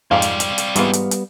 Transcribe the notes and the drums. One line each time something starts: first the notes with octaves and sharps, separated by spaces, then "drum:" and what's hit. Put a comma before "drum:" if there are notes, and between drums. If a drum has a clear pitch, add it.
F2 G#2 C4 D5 F5
drum: hi-hat
drum: hi-hat
drum: hi-hat
G#2 E3 G3 B3 F4, drum: hi-hat
drum: hi-hat
drum: hi-hat